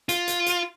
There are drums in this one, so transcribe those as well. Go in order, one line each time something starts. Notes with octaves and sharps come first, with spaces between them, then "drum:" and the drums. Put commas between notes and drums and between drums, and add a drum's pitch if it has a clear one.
F4, drum: hi-hat
drum: hi-hat
drum: hi-hat